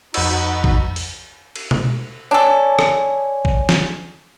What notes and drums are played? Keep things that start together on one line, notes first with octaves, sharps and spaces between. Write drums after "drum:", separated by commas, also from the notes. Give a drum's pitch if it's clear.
F2 D#4 F#4 B5 E6, drum: cymbal
drum: kick
drum: open hi-hat
drum: cymbal
drum: tom B2
D4 A4 C#5 D5 G#5
drum: rim click
drum: kick
drum: snare